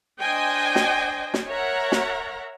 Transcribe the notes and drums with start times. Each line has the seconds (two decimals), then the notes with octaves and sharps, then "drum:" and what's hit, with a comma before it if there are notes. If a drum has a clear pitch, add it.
0.19 D4 C5 D#5 G5 G#5
0.76 drum: snare
1.34 drum: snare
1.48 A#4 C#5 E5 F#5 A#5
1.92 drum: snare